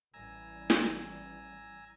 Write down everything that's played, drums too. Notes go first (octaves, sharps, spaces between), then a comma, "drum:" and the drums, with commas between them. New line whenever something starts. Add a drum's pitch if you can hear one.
A1 E3 G3 G#5 A#5 E6
drum: snare